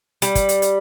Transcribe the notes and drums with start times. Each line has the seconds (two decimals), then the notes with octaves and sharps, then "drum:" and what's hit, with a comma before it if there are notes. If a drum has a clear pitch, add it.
0.22 G3, drum: hi-hat
0.35 drum: kick, hi-hat
0.49 drum: hi-hat
0.62 drum: hi-hat